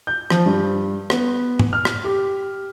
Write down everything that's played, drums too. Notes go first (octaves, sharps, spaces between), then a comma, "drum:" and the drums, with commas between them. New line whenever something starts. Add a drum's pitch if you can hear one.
G6
F3, drum: rim click
G2
B3, drum: rim click
drum: tom
F6
drum: rim click
G4